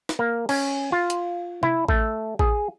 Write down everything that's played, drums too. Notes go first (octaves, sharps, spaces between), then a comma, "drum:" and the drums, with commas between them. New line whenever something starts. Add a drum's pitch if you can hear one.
drum: snare
A#3
C#4, drum: cymbal
F4
drum: hi-hat
E4, drum: tom C3
A3, drum: kick A1
G#4, drum: kick A1